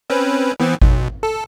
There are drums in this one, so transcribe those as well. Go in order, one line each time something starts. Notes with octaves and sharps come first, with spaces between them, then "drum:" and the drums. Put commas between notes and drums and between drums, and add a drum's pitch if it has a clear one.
C4 C#4 B4
E3 B3 C4
B1, drum: kick G#1
A4